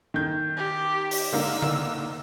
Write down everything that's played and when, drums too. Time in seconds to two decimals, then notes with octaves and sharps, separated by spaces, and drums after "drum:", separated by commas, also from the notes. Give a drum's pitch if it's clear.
0.14 D#3 G6
0.57 G4
1.11 drum: open hi-hat
1.33 D3 A#3 D#4 E6
1.62 drum: tom D3